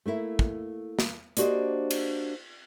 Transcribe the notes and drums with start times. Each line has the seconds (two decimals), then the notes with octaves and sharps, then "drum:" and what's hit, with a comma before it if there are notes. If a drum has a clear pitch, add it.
0.06 A3 A#3 E4
0.39 drum: kick
0.99 drum: snare
1.37 A#3 D4 F#4 G4 C5 D#5, drum: hi-hat
1.91 drum: cymbal